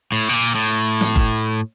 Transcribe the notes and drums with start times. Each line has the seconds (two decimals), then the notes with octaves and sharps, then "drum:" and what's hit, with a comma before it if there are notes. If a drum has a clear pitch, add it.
0.12 A2
0.29 B2
0.34 A#2
0.55 A2
1.01 drum: snare
1.16 drum: kick F#1